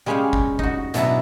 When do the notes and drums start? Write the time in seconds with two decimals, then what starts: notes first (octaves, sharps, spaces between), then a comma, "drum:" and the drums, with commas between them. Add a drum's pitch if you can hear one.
0.06 G3 G#3 C#4 G#4 F5 G5
0.33 drum: kick
0.59 D#4 F#4, drum: kick
0.94 B2 E3 F#3 D4 E4, drum: hi-hat